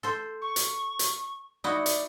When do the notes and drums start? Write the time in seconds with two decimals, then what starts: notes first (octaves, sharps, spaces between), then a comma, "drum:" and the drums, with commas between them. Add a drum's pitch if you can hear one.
0.03 A4 C5
0.41 C#6
0.56 drum: hi-hat
0.99 drum: hi-hat
1.64 D#4 E4 F#4 D5
1.86 drum: hi-hat